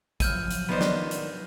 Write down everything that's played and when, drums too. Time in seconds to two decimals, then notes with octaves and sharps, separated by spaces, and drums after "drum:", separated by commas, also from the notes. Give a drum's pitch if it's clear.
0.20 F3 F#3 E4 F6 G6 D#7, drum: kick, hi-hat
0.51 drum: hi-hat
0.69 D#3 B3 D#4 C5 D5
0.81 drum: snare
1.11 drum: hi-hat